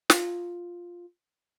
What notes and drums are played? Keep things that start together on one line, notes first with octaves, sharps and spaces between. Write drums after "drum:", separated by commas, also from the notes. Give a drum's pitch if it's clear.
F4, drum: snare